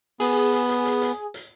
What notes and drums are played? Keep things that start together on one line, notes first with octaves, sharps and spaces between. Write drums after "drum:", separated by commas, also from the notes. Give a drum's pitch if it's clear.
B3 G#4, drum: open hi-hat
drum: hi-hat
drum: hi-hat
drum: hi-hat
drum: hi-hat
drum: hi-hat